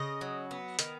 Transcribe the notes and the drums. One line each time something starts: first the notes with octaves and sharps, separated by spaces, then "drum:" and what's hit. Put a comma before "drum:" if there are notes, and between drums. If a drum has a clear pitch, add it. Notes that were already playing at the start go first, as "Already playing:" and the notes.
Already playing: C#3 D#5
F#3
B3
D#3, drum: hi-hat